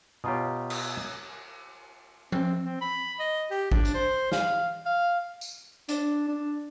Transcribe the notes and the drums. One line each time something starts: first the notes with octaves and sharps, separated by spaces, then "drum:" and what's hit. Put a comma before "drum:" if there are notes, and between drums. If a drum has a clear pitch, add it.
B2 F4 G4 C#5 A#5 D#6
drum: cymbal
C4, drum: tom F3
C4
B5
D#5
G4
D4, drum: kick
drum: hi-hat
C5
F5, drum: snare
F5
drum: tambourine
D4, drum: hi-hat
D4